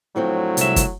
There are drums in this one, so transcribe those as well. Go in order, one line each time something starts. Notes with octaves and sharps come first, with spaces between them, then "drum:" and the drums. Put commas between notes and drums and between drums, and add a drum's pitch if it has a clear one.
A2 D3 F3 F#3 C4
C2 E5, drum: hi-hat
drum: kick, hi-hat